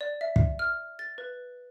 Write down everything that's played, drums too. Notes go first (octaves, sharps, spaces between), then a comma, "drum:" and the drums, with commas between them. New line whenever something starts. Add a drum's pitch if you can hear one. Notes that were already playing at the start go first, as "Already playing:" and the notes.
D5
E5
drum: kick
F6
A6
B4